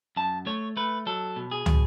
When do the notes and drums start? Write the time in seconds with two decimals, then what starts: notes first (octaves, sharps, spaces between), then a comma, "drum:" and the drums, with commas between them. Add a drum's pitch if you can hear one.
0.16 F#2 A5
0.46 A3 C#5
0.77 A3 B4
1.06 F#3 A4
1.36 B2
1.51 G#4
1.66 B2, drum: tom